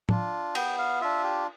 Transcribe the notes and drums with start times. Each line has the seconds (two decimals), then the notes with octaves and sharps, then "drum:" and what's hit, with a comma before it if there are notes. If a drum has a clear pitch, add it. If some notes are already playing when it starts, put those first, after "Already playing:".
0.09 D4 F4, drum: tom
0.55 B3 G5, drum: cymbal
0.78 F5
1.01 D4 F4 E5
1.23 G4